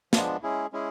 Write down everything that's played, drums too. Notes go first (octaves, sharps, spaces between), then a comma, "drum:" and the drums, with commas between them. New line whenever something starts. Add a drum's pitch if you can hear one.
F3 G#3 B3 D4, drum: snare
G#3 C#4 E4 G#4
G#3 C#4 E4 G#4